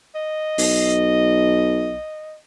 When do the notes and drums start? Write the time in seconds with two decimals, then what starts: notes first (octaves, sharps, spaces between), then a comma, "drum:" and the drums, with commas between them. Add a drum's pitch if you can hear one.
0.15 D#5
0.58 B1, drum: open hi-hat